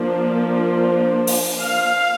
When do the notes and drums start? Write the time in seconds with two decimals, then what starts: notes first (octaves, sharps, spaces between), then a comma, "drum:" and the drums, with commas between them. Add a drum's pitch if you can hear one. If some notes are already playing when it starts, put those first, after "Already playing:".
Already playing: F3 A#3 D4
1.27 drum: open hi-hat
1.60 F5